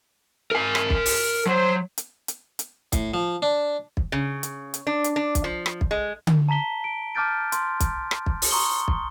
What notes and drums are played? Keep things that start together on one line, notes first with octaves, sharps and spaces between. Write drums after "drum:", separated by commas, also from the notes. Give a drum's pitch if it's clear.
A#4 G#5
drum: rim click
drum: kick
drum: open hi-hat
F#3 C5
drum: hi-hat
drum: hi-hat
drum: hi-hat
A2, drum: kick, hi-hat
F3
D4
drum: kick
C#3
drum: hi-hat
drum: hi-hat
D4
drum: hi-hat
D4
drum: kick, hi-hat
F3
drum: rim click
drum: kick
G#3
drum: tom D3
A5 A#5 B6 G7
D7
A5 D6 F6 G6 A6 D7
C6, drum: hi-hat
drum: kick, hi-hat
drum: rim click
drum: kick
drum: open hi-hat
A#5 C6 C#6 D#6 C#7 G7
drum: kick